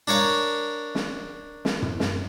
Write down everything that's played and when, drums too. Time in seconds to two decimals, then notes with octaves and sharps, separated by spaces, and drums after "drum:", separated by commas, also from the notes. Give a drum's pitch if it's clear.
0.08 D4 A#4 C#5 F5
0.95 drum: snare
1.65 drum: snare
1.82 drum: tom
2.00 drum: snare